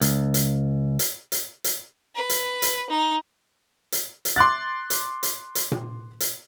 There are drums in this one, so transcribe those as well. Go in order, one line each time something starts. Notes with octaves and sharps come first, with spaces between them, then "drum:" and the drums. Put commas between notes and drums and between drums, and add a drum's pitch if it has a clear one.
C#2, drum: hi-hat
drum: hi-hat
drum: hi-hat
drum: hi-hat
drum: hi-hat
B4
drum: hi-hat
drum: hi-hat
D#4
drum: hi-hat
drum: hi-hat
C6 D6 F#6 A6
drum: hi-hat
drum: hi-hat
drum: hi-hat
drum: tom A#2
drum: hi-hat